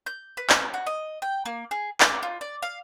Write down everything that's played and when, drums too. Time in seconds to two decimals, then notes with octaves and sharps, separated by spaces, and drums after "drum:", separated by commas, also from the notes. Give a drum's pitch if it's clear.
0.06 G6
0.37 B4
0.50 drum: clap
0.74 F#4
0.87 D#5
1.22 G5
1.45 A#3
1.71 G#4
2.00 D6, drum: clap
2.23 F4
2.41 D5
2.62 F5